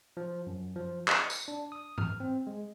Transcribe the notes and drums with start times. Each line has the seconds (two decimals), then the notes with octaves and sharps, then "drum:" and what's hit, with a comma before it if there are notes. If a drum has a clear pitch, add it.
0.17 F3
0.47 F#2
0.76 F3
1.08 C#7, drum: clap
1.30 drum: tambourine
1.48 D4
1.72 D#6
1.98 F6, drum: tom
2.20 C4
2.47 G#3